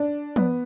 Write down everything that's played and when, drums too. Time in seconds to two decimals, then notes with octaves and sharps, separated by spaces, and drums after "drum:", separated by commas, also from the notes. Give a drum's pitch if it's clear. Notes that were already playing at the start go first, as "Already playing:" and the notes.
Already playing: D4
0.36 B3, drum: tom